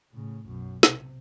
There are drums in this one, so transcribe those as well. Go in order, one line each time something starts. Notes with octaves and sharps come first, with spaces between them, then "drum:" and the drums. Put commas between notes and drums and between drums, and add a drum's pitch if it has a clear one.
A2 C#3
B1 F#2
C3, drum: snare